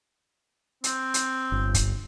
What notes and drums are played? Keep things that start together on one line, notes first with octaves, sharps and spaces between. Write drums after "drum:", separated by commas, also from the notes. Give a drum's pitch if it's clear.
C4, drum: hi-hat
drum: hi-hat
G1
drum: kick, hi-hat